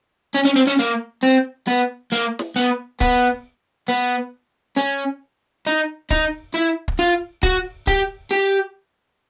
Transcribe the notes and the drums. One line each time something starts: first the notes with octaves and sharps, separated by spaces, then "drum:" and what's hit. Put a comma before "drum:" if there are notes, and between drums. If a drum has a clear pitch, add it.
C#4
C#4
C4
C#4, drum: open hi-hat
A#3
C4
B3
A#3
drum: snare
B3
B3, drum: kick
B3
C#4, drum: hi-hat
D#4
D#4, drum: kick
E4
drum: kick
F4
F#4, drum: kick
G4, drum: kick
G4